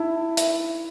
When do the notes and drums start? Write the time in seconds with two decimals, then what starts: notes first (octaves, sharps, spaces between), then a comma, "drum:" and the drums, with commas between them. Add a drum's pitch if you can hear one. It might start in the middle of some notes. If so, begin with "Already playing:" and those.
Already playing: D#4 E4
0.37 E5, drum: hi-hat